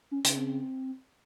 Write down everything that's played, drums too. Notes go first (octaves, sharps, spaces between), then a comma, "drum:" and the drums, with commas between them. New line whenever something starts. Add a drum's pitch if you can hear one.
C#4
C#3, drum: hi-hat
C4